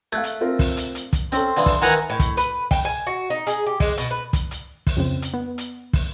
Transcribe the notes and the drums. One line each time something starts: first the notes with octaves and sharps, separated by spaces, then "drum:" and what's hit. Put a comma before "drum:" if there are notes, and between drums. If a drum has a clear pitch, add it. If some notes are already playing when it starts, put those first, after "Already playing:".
A3 F5 F#6 G#6
drum: hi-hat
C4 F4 A#4
drum: kick, open hi-hat
drum: hi-hat
drum: hi-hat
drum: kick, hi-hat
C4 C#4 A4 C6, drum: hi-hat
D3 E3 F5 D#6
drum: kick, open hi-hat
D#3 E3 F#5 G#5 A#5, drum: hi-hat
A2
drum: kick, hi-hat
B4, drum: hi-hat
G5, drum: kick, open hi-hat
G#5
F#4
D#4
G#4, drum: hi-hat
G4
G#3, drum: kick, open hi-hat
B2, drum: hi-hat
B4
drum: kick, hi-hat
drum: hi-hat
drum: kick, open hi-hat
F2 C#3 C4
drum: hi-hat
B3
drum: hi-hat
drum: kick, open hi-hat